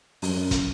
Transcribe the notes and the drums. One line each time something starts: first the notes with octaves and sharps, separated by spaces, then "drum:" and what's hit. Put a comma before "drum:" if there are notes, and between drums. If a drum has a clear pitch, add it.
F#2, drum: open hi-hat
drum: kick, hi-hat